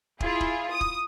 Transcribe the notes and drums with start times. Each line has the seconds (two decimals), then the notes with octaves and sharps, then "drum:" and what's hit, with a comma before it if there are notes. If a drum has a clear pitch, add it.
0.20 E4 F4 G#4, drum: kick
0.41 drum: kick
0.72 D#6
0.81 drum: kick